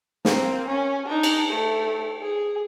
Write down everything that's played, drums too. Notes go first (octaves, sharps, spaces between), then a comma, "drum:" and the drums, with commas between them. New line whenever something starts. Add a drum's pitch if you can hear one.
A#3 C4, drum: snare
C#4
D4 D#4
drum: cymbal
A3
G#4